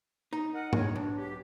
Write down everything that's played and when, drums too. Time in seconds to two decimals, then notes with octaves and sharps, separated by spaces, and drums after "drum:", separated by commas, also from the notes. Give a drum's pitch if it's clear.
0.33 D#4
0.55 A#4 D#5 F#5
0.73 C#5, drum: tom G#2
0.96 B1 D4
1.17 G4